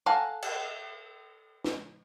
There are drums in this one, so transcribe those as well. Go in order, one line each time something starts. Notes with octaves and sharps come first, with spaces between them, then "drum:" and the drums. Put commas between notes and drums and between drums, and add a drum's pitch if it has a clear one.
A4 F5 F#5 G#5 A#5
drum: cymbal
drum: snare